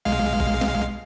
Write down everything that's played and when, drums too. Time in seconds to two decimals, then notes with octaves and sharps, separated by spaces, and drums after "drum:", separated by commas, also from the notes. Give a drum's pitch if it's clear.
0.05 B1 G#3 F5
0.40 drum: kick G1
0.61 drum: snare